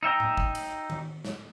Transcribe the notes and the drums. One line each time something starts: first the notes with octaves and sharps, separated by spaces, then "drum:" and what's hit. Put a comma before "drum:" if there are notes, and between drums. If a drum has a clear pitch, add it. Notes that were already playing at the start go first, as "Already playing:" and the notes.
D#4 E5 G5 A#5
drum: tom A2
drum: kick
drum: cymbal
drum: tom D#3
drum: snare